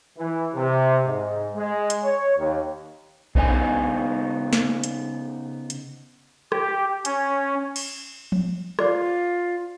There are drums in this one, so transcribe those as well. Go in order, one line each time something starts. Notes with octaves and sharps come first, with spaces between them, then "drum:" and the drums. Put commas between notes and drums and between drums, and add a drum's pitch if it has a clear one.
E3
C3
G#2
G#3
drum: hi-hat
C#5
D#2
C#3 B3 D#4 D#5 G#5, drum: kick B1
drum: snare
drum: hi-hat
drum: hi-hat
G4, drum: rim click
C#4, drum: hi-hat
drum: cymbal
drum: tom F3
F4 C5 D5 D6, drum: rim click